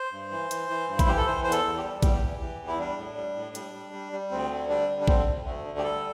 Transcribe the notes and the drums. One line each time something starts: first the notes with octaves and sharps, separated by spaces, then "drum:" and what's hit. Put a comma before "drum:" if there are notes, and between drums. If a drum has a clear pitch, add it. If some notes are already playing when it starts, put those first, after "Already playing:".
Already playing: C5
G2
E3
E3, drum: hi-hat
E3
G2
E4, drum: kick A1, hi-hat
E3 G4
A4
E3 C5
E2 C5
A4, drum: hi-hat
E2
G4
G3
E2 G4, drum: kick A1, hi-hat
E3
E3
E2
E4
G3 D4
A2
G3
A2
G3, drum: hi-hat
G3
G3
G3
D2 C4
D3
G3 D4
D3
D4
D3 C4, drum: kick A1
D2
D2 A3
D3
G4
G3 A4